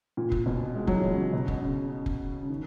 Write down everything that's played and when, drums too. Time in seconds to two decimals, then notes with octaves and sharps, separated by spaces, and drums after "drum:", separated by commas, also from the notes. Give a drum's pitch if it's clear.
0.17 A#2
0.32 drum: kick F1
0.46 B2
0.75 G#3
0.87 F#3, drum: kick F1
0.95 E3
1.15 C#3
1.33 B2
1.48 drum: kick F1
1.62 C#3
2.06 drum: kick F1
2.42 C#3
2.49 D#3